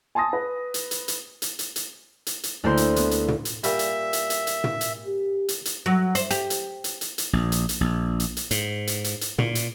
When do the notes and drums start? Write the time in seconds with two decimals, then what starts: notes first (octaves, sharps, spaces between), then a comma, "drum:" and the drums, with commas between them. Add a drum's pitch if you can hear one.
0.15 G#5 A5 C6 D#6 A#6
0.33 B4
0.74 drum: hi-hat
0.91 drum: hi-hat
1.08 drum: hi-hat
1.42 drum: hi-hat
1.59 drum: hi-hat
1.76 drum: hi-hat
2.27 drum: hi-hat
2.43 drum: hi-hat
2.63 D2 A3 A#3 E4 C5 C6
2.77 drum: hi-hat
2.96 B3, drum: hi-hat
3.11 drum: hi-hat
3.28 drum: tom
3.45 drum: hi-hat
3.64 A#2 G3 E5, drum: hi-hat
3.79 drum: hi-hat
4.13 drum: hi-hat
4.30 drum: hi-hat
4.47 drum: hi-hat
4.64 drum: tom
4.81 drum: hi-hat
5.07 G4
5.49 drum: hi-hat
5.65 drum: hi-hat
5.86 F#3
6.15 C5, drum: hi-hat
6.31 G4, drum: hi-hat
6.50 drum: hi-hat
6.84 drum: hi-hat
7.01 drum: hi-hat
7.18 drum: hi-hat
7.33 A#1
7.52 drum: hi-hat
7.69 drum: hi-hat
7.81 A#1
8.20 drum: hi-hat
8.37 drum: hi-hat
8.51 G#2, drum: hi-hat
8.87 drum: hi-hat
9.04 drum: hi-hat
9.21 drum: hi-hat
9.38 A#2, drum: tom
9.55 drum: hi-hat